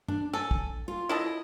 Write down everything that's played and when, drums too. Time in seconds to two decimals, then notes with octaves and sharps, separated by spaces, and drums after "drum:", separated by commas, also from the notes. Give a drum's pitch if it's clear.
0.08 D4, drum: tom
0.33 A4 G#5
0.51 drum: kick
0.88 F4
1.09 E4 A4 D#5